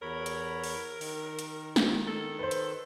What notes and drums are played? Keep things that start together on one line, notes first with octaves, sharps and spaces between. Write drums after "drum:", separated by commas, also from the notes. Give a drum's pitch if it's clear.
E2 A#4 C#5 B5
drum: hi-hat
drum: open hi-hat
D#3, drum: open hi-hat
drum: hi-hat
drum: snare
A4
B4 C5
drum: hi-hat